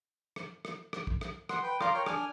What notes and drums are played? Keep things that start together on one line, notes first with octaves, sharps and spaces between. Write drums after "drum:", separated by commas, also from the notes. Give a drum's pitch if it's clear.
drum: rim click
drum: rim click
drum: rim click
drum: kick
drum: rim click
F#5 C6, drum: rim click
B4 G5
F4 D5 F5 A#5 C6, drum: rim click
A#4 C#5 G5 F6
D4 G#5 F6, drum: rim click